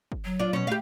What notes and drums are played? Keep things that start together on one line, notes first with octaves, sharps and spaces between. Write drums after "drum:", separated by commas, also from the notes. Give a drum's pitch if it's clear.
drum: kick
F#3
D4 F4
B2 C#4
A3 G4 F5